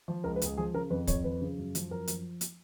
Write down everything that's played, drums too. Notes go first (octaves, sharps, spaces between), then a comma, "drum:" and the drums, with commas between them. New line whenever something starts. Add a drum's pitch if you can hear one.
F3
C#2 A#4
B4
C#2 G#4, drum: hi-hat
F3 G#4
C#3 A#4
F2 B4
F2 C#5, drum: kick, hi-hat
F3 B4
C#3
F#2
F3, drum: hi-hat
F#2 A#4
F3, drum: hi-hat
drum: hi-hat